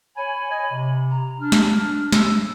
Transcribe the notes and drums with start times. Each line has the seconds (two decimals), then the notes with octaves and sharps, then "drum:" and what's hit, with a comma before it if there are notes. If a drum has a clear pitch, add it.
0.16 C#5 G#5 B5
0.50 C#5 D#5 G#5
0.71 C3
1.10 A#5
1.40 D4 F6
1.52 drum: snare
2.12 E6, drum: snare